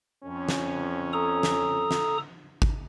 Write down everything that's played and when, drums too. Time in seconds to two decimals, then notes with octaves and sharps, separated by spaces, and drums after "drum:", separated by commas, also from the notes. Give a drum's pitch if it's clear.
0.25 F2 C#4
0.49 drum: snare
1.13 A4 A#5 D#6
1.43 drum: snare
1.91 drum: snare
2.62 drum: kick